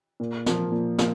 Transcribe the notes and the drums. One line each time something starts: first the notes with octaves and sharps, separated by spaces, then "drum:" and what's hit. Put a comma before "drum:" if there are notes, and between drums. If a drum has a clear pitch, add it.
A#2
F3 A#3 F4, drum: snare
A#2
F3 A#3 F4, drum: snare